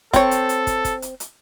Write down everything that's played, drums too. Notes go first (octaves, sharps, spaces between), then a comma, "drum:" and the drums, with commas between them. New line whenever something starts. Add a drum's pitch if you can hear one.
C4 A4 C#5, drum: kick, hi-hat
drum: hi-hat
drum: hi-hat
drum: kick, hi-hat
drum: kick, hi-hat
drum: hi-hat
drum: hi-hat